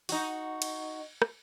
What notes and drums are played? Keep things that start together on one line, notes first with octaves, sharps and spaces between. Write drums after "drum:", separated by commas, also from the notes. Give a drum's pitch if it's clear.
D#4 F#4, drum: open hi-hat
drum: cymbal
drum: rim click